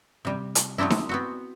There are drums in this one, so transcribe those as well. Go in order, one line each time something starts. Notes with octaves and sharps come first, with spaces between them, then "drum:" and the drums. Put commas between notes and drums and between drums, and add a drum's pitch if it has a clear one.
C3 G3
drum: hi-hat
F#3 G#3 C4 D4 E4
drum: snare D#4
B3 C4 F#4